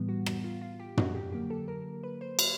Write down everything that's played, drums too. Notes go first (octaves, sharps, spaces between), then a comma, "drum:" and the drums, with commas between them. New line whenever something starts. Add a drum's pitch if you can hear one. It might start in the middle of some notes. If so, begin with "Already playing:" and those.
Already playing: A2 E3 G3 B3
F#4
F#4, drum: rim click
F4
F4
G4
F#4, drum: tom
G4
D3 F#3 A#3 G4
A4
A#4
B4
C5
C#5, drum: cymbal